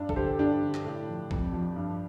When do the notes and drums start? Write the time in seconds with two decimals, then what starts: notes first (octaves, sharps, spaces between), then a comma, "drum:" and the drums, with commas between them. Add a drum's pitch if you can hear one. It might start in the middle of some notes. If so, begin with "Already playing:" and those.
Already playing: G2 D4
0.09 A4, drum: kick
0.16 D3 G4 C5
0.39 G2 D4 G4
0.62 D3
0.74 drum: clap
0.84 A2
1.08 F3
1.31 F2, drum: kick
1.53 F3
1.76 G2